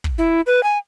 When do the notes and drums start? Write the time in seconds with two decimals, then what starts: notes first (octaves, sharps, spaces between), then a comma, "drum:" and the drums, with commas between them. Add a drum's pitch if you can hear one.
0.04 drum: kick
0.18 E4
0.47 B4
0.63 G#5